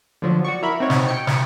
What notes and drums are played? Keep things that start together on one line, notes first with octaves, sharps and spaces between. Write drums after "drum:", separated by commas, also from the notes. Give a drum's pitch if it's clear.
D3 F3 F#3
F#4 D5 C#6
E4 A#4 E5 B5
C4 D#4 F#4 C#5
drum: snare
G5 C#7
drum: snare